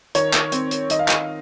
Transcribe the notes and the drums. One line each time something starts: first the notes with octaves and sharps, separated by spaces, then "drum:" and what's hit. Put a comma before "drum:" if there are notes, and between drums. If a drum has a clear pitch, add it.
D#3 C#5, drum: hi-hat
drum: clap
C4, drum: hi-hat
drum: hi-hat
D#3 D#5, drum: hi-hat
F5
D#5, drum: clap